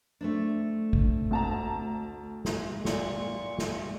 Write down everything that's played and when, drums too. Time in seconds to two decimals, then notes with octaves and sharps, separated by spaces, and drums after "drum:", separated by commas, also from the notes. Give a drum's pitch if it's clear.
0.21 A3 C4 D4
0.93 drum: kick G#1
1.31 D2 A5 A#5
2.45 drum: snare
2.85 A#2 C#6, drum: snare
3.58 drum: snare